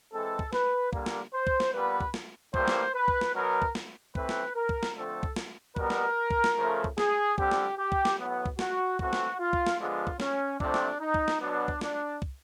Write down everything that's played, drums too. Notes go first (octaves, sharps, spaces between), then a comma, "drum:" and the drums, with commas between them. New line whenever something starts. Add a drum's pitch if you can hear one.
E3 G#3 C4 A4
drum: kick
B4, drum: snare
D3 G3 A#3, drum: kick
drum: snare
C5
drum: kick
drum: snare
A#2 G3 B3 B4
drum: kick
drum: snare
A2 E3 G3 A#3 C5, drum: kick
drum: snare
B4
drum: kick
drum: snare
B2 F#3 B3 A#4
drum: kick
drum: snare
E3 A3 C4 B4, drum: kick
drum: snare
A#4
drum: kick
drum: snare
D3 F3 A3 C4 A4
drum: kick
drum: snare
B2 G3 B3 A#4, drum: kick
drum: snare
drum: kick
drum: snare
C#3 F3 A3
drum: kick
G#4, drum: snare
D3 G3 C4 G4, drum: kick
drum: snare
G4
drum: kick
drum: snare
A2 F#3 B3
drum: kick
F#4, drum: snare
E3 A3 C4 F#4, drum: kick
drum: snare
F4
drum: kick
drum: snare
D3 F3 G#3 B3 F4
drum: kick
C#4, drum: snare
C3 F3 A3 C4 D4, drum: kick
drum: snare
D#4
drum: kick
drum: snare
B2 F#3 B3 D4
drum: kick
D4, drum: snare
drum: kick